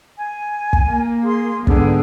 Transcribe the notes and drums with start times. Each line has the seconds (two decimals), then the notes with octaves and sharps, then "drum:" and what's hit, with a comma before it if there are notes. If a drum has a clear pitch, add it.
0.16 G#5
0.73 drum: kick
0.89 A#3
1.24 G#4 C6
1.67 G#2 D3 B3 G#4 G5, drum: kick